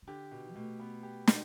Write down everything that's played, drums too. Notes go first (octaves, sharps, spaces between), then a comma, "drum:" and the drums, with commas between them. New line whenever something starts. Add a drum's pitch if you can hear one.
E3
D3 G4
B2
B2 A3
B3
G4
B2, drum: snare